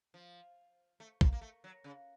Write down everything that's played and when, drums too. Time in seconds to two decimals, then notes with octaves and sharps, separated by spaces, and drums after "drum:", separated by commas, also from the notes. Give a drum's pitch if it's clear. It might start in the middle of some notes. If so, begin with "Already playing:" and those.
0.14 F3
1.00 A3
1.21 A#3, drum: kick
1.33 A#3
1.41 A3
1.64 F#3
1.84 C#3